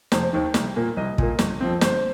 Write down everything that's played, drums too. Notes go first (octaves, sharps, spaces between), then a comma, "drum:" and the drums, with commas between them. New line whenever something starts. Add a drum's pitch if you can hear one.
F1 C5, drum: snare
D#2 D#3
C2, drum: snare
A#2 A#3
C2 D#5
A#2 A#3, drum: kick
G1, drum: snare
F2 F3 C4
G1 C5, drum: snare